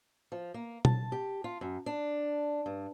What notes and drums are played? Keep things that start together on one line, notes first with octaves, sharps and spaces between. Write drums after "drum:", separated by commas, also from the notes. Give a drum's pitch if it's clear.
F3
A#3
A5, drum: tom B2
G4
F4
F#2
D4
G2